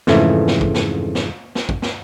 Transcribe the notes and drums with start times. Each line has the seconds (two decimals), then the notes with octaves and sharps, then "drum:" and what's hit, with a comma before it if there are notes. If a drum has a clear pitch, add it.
0.07 F2 G#2 C#3 E3 A3, drum: snare
0.48 drum: snare
0.61 drum: kick
0.75 drum: snare
1.15 drum: snare
1.55 drum: snare
1.69 drum: kick
1.82 drum: snare